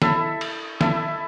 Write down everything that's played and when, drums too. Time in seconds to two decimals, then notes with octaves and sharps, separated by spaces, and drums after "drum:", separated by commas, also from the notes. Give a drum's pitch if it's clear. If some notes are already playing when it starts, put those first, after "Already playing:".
0.02 E4 A4 E5, drum: snare
0.41 drum: cymbal
0.81 E4 A4 E5, drum: snare